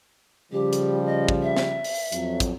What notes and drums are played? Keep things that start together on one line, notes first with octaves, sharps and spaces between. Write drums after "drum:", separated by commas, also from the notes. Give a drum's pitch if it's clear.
C#3 F3 G3 G4
drum: hi-hat
D#5
drum: kick
E5
drum: snare
drum: open hi-hat
F2 F#3, drum: hi-hat
drum: kick, hi-hat